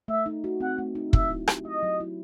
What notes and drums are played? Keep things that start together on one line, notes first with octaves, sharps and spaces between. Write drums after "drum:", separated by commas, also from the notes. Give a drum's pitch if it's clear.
A3 E5
D#4
F#4
C4 F#5
A3
D#4
F#3 E5, drum: kick
E4
G4, drum: rim click
A3 D#5
F#3
E4